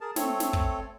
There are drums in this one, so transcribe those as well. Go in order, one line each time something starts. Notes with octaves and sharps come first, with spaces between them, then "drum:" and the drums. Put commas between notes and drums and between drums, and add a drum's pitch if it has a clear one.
G#4 A#4 A5
A3 C4 A4 C#5, drum: snare
drum: snare
drum: kick